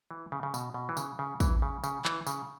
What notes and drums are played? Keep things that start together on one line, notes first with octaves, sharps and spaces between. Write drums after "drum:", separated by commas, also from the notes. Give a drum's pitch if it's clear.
E3
C#3
C#3
B2, drum: tambourine
B2
E3
C#3, drum: tambourine
C#3
E3, drum: kick, tambourine
C#3
C#3, drum: tambourine
E3, drum: clap
C#3, drum: tambourine